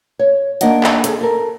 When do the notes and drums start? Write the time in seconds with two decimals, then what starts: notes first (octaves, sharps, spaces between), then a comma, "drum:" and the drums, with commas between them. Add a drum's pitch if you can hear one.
0.19 C#5
0.61 D#3 A#3 D4 D#5 F#5, drum: hi-hat
0.84 drum: clap
1.04 G#4 A4, drum: hi-hat
1.21 A4 A#4